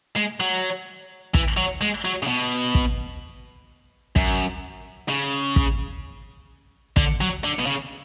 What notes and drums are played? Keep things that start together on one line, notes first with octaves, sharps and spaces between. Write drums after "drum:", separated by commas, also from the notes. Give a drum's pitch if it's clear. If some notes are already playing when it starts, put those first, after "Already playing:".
G#3
F#3
E3, drum: kick
F#3
G#3
F#3
C#3
B2
drum: kick
F#2, drum: kick
C#3
drum: kick
D3, drum: kick
F#3
D3
B2
C#3